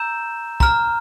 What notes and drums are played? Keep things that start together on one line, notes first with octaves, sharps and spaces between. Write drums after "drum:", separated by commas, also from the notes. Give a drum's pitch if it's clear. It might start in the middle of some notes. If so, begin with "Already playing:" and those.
Already playing: A#5 E6 G6 E7
A#5 F6, drum: kick